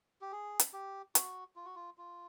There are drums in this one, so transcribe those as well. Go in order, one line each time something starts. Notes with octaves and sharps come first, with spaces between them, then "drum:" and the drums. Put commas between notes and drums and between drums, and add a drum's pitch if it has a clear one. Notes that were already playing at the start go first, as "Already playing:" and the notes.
G4
G#4
drum: hi-hat
G4
F#4, drum: hi-hat
F4
F#4
F4
F4